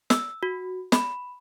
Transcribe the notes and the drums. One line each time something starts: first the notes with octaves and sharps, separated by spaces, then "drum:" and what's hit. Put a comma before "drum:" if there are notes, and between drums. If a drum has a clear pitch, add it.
E6, drum: snare
F#4
B5, drum: snare